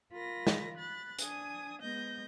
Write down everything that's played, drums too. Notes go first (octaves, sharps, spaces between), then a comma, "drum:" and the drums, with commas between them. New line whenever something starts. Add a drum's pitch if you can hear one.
F4 A#4 B5 A#6
drum: snare
B5 F#6 A6
D4 G#5 D#6, drum: hi-hat
G#3 B3 D#5 G6 A#6